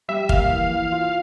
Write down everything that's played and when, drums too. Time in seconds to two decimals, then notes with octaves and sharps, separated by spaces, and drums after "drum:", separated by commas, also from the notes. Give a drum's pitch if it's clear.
0.08 G3 E5
0.29 A#3 F5, drum: kick
0.50 E3
0.71 E3
0.92 F4